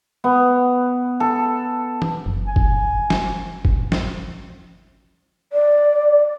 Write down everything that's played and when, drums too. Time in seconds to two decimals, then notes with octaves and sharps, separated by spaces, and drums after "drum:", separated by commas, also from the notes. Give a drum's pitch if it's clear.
0.24 B3
1.20 A4
2.02 drum: tom E3
2.26 F#1
2.47 G#5
2.56 drum: kick
3.10 drum: snare
3.65 drum: kick
3.92 drum: snare
5.53 D5